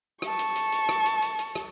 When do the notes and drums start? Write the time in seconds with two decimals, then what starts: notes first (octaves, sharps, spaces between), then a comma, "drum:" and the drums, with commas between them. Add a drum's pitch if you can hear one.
0.22 A5 C#6, drum: rim click
0.39 drum: hi-hat
0.55 drum: hi-hat
0.72 drum: hi-hat
0.89 drum: rim click
1.05 drum: hi-hat
1.22 drum: hi-hat
1.39 drum: hi-hat
1.55 drum: rim click